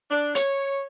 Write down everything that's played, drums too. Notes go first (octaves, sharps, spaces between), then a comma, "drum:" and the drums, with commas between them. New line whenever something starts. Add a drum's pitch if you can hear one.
D4
C#5, drum: hi-hat